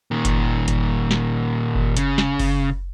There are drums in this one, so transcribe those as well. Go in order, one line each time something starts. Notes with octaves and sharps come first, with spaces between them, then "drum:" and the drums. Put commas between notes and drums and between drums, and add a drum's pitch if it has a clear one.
A#2 D#3
drum: kick F#1, hi-hat
drum: kick F#1, hi-hat
drum: snare
drum: kick F#1
C#3, drum: hi-hat
drum: snare
drum: kick F#1, open hi-hat